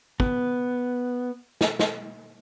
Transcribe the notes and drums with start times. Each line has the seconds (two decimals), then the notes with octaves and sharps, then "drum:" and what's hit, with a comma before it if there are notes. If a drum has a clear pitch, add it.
0.20 B3, drum: kick
1.61 drum: snare
1.79 drum: snare